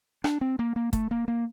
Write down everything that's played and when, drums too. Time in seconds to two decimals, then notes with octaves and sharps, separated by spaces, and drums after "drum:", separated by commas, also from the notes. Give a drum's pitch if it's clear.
0.24 D4, drum: rim click
0.41 C4
0.59 A#3
0.76 A#3
0.93 A3, drum: kick, hi-hat
1.11 A#3
1.28 A#3